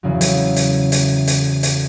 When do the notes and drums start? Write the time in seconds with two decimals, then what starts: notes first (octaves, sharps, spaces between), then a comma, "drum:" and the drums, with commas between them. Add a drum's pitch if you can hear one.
0.03 E2 C#3 F#3
0.21 drum: hi-hat
0.56 drum: hi-hat
0.92 drum: hi-hat
1.27 drum: hi-hat
1.63 drum: hi-hat